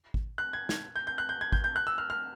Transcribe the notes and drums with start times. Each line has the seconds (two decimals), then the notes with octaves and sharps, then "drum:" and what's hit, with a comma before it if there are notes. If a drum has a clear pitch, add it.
0.14 drum: kick G#1
0.38 F#6
0.53 G#6
0.69 G#6, drum: snare
0.96 G6
1.07 G6
1.18 F#6
1.29 G6
1.41 G#6
1.52 G6, drum: kick G#1
1.64 G6
1.76 F#6
1.87 E6
1.98 F6
2.10 F6